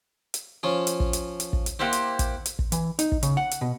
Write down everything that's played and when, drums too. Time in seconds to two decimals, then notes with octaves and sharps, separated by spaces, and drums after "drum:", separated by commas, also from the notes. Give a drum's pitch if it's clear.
0.34 drum: hi-hat
0.63 F3 C#4 F4
0.87 drum: hi-hat
1.00 drum: kick
1.13 drum: hi-hat
1.40 drum: hi-hat
1.53 drum: kick
1.66 drum: hi-hat
1.79 A#3 E4 G4 C5 F#5
1.93 drum: hi-hat
2.19 drum: kick, hi-hat
2.46 drum: hi-hat
2.59 drum: kick
2.72 E3, drum: hi-hat
2.99 D#4, drum: hi-hat
3.12 drum: kick
3.23 C#3, drum: hi-hat
3.37 F#5
3.51 drum: hi-hat
3.61 B2